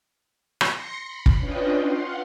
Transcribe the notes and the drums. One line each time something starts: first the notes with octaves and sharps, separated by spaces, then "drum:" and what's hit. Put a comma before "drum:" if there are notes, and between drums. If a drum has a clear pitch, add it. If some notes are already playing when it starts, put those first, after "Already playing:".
drum: rim click
C6 A#6 C7 C#7
B5
drum: kick
C#4 D4 F4 B4 D#5 G5
F5 F#5 C6